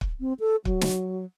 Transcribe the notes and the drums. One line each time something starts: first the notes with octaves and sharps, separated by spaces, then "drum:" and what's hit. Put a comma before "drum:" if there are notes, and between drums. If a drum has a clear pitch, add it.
drum: kick
C4
A4
F#3, drum: kick
drum: snare